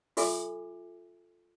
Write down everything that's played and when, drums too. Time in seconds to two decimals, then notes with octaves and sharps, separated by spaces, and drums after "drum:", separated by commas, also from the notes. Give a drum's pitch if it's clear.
0.17 F4 A4 E5 G#5 D6, drum: open hi-hat